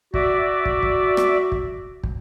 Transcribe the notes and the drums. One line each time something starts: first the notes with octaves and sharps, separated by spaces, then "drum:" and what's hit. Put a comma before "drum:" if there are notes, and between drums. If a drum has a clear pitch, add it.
F#4 D5 E5, drum: kick
drum: kick
drum: kick
drum: rim click
drum: kick
drum: kick